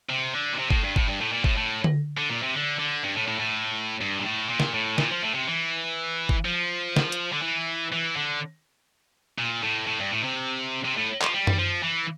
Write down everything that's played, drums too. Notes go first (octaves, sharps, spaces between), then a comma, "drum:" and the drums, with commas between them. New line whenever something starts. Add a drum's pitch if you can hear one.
C3
D3
A#2
C3
A2, drum: kick G1
G2
A2, drum: kick G1
G2
A2
A#2
A2, drum: kick G1
A2
drum: tom D3
D3
A#2
C3
D3
D3
G2
A2
A2
A2
G2
A#2
A2
A#2
drum: snare
A2
A#2, drum: snare
F3
A2
C3
E3
drum: kick G1
F3
drum: snare
drum: hi-hat
D3
E3
E3
D3
A#2
A2
A2
G2
A2
C3
C3
A2
F3, drum: clap
G3
drum: tom F#2
F3
E3